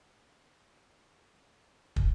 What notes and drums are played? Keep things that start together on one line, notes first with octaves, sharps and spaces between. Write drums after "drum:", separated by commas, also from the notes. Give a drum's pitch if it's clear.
G2
D3
F1 A#2 C4 D4
B2
A#1 G#2
drum: kick